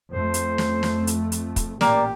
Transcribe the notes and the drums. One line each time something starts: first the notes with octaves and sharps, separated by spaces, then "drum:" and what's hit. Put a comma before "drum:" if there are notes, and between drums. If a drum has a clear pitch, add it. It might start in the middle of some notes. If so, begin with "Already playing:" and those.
F2 A3 C5
drum: hi-hat
drum: snare
drum: snare
drum: hi-hat
drum: hi-hat
drum: kick, hi-hat
A1 A#2 A#3 G4 D5, drum: snare